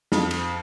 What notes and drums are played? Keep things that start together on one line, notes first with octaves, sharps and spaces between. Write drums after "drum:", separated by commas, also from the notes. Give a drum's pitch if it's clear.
F2, drum: snare
drum: cymbal